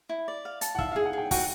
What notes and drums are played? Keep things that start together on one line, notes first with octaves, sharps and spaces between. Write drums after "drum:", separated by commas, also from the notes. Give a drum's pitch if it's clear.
E4
D5
F5
A5, drum: hi-hat
F#5
E5 F5, drum: kick
G#4 F5
F#5
G#4 G5
F#4 G5, drum: kick, open hi-hat